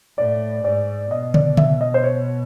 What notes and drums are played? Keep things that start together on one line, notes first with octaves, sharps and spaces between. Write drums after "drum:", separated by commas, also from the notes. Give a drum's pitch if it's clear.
A2 D5
G#2 D5
B2 D#5
D5, drum: tom C#3
E5, drum: tom C#3
D#5
C5
C#5